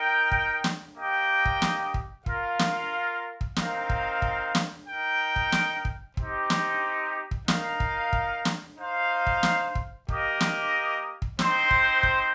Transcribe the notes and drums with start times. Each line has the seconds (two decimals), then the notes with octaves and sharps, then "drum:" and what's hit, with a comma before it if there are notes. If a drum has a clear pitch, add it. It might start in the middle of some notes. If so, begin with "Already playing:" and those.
Already playing: D#4 A#4 G5
0.32 drum: kick
0.64 drum: snare
0.97 A#3 G4 D#5 G5
1.45 drum: kick
1.62 drum: snare
1.94 drum: kick
2.26 F4 A#4 F5, drum: kick
2.59 drum: snare
3.41 drum: kick
3.56 C4 D#4 A#4 F5, drum: snare
3.90 drum: kick
4.22 drum: kick
4.55 drum: snare
4.87 D#4 A#4 G5
5.36 drum: kick
5.52 drum: snare
5.85 drum: kick
6.17 C4 D#4 G4, drum: kick
6.50 drum: snare
7.31 drum: kick
7.48 D#4 A#4 F5, drum: snare
7.80 drum: kick
8.13 drum: kick
8.45 drum: snare
8.78 D#4 C5 F5
9.27 drum: kick
9.43 drum: snare
9.75 drum: kick
10.09 A#3 G4 A#4 D#5, drum: kick
10.41 drum: snare
11.22 drum: kick
11.39 C4 D#4 C5, drum: snare
11.71 drum: kick
12.03 drum: kick